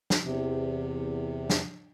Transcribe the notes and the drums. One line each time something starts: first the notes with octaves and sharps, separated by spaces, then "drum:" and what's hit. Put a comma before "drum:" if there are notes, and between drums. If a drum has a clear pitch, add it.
drum: snare
E2 C3
drum: snare